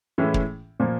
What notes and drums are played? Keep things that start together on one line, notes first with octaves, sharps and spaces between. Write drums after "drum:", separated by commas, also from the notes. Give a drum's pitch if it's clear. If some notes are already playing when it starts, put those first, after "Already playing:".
A2 E3 G#3 C#4 E4
drum: kick
A#2 F3 A#3